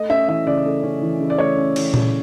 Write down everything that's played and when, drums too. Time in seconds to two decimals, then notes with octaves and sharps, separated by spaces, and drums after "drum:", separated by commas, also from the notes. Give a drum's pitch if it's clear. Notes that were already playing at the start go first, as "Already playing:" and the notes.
Already playing: A3 D#5
0.09 C#4 E5
0.28 E3 E5
0.46 C#3 D5
0.64 A3
0.83 C#4
1.01 E3
1.20 C#3
1.30 D5
1.38 A3 C#5
1.57 C#4
1.76 E3, drum: cymbal
1.94 C#3, drum: tom A#2